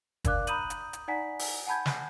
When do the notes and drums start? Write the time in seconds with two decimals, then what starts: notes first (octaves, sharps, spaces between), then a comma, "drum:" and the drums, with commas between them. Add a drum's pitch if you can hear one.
0.25 D4 A#4 D5 F5 D6 F#6, drum: kick, hi-hat
0.47 A#5 B5 D#6 G6 D#7 F#7, drum: hi-hat
0.70 drum: hi-hat
0.93 drum: hi-hat
1.08 D#4 D5 F#5 G#5 A#5 B6
1.39 drum: open hi-hat
1.66 F#5 G#5 A5 B5 G6 G#6
1.86 drum: snare